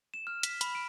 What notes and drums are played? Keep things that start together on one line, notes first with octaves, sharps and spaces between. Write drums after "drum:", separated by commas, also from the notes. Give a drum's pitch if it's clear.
E7
F6
B6, drum: hi-hat
B5, drum: hi-hat
D7